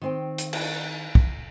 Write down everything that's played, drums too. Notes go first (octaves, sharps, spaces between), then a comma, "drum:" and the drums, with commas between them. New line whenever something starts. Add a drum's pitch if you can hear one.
D#3 C4 G5
drum: hi-hat
drum: cymbal
drum: kick